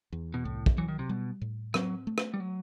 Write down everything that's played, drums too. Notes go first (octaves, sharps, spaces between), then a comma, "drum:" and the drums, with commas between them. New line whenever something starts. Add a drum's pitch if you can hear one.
E2
B2
C2 A2
drum: kick
E3 F#3
D#3
C3
B2 G3
A2
F#3 C4, drum: rim click
A3
drum: rim click
G3
F#3